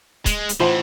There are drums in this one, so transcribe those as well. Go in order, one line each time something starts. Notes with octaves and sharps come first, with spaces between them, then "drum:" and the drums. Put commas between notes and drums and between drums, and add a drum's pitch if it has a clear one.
G#3, drum: kick, hi-hat
drum: hi-hat
A2 E3 F4 C5 F#5 A5